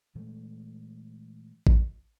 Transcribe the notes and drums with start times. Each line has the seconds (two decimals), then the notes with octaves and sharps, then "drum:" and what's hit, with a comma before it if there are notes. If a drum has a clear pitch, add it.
0.15 A#2 E3 G#3 A3
1.67 drum: kick A1